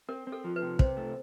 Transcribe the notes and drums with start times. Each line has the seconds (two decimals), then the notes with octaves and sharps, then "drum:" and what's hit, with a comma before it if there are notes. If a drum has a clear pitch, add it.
0.09 C4 A#4
0.27 C4
0.32 A4
0.44 F3
0.56 B4
0.62 C3
0.79 C3 C5, drum: kick
0.97 A3